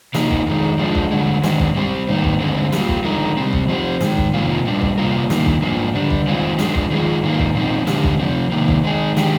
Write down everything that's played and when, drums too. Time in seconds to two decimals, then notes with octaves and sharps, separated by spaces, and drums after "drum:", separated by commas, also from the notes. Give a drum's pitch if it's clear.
0.14 C3 F3 A#3 D#4 A#4, drum: snare
0.31 drum: kick
0.47 F2 D#3 G#3
0.79 F3 G#3 D4
0.95 drum: kick
1.11 G2 D3 G#3
1.43 G#2 D#3 G#3 D4, drum: snare
1.60 drum: kick
1.76 G3 C4 G4 C5
2.08 G#2 D#3 A#3
2.24 drum: kick
2.40 G2 D3 G#3 C4
2.72 G3 A#3 F4, drum: snare
2.88 drum: kick
3.04 D3 F3 G#3 D#4 A#4
3.37 C3 G3 C4
3.53 drum: kick
3.69 F3 C4 G4 C5
4.01 G#2 D#3 G#3, drum: snare
4.17 drum: kick
4.34 F2 C3 D#3 A#3 F4
4.65 A#2 G3 D4
4.82 drum: kick
4.98 C3 G3 A#3 F4 A#4
5.30 G2 D#3 A#3, drum: snare
5.46 drum: kick
5.62 G#2 F3 A#3 D4
5.95 D3 G3 D4
6.10 drum: kick
6.26 F2 D#3 G#3 C4 F4
6.59 G2 F3 G#3 D4, drum: snare
6.75 drum: kick
6.91 D#3 G#3 C4 F4 G#4
7.23 G#2 D#3 A#3
7.39 drum: kick
7.55 A#2 F3 C4 D#4
7.87 D3 G#3 D4 G4 A#4, drum: snare
8.04 drum: kick
8.20 C3 F3 C4
8.52 C3 D#3 A#3
8.68 drum: kick
8.84 D#3 G#3 D#4 G#4
9.17 D#3 G#3 D4 G4, drum: snare